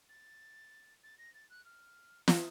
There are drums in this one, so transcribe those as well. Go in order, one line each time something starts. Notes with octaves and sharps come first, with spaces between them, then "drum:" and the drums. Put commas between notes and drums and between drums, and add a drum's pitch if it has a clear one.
A6
A6
A#6
A6
F#6
F6
D#6, drum: snare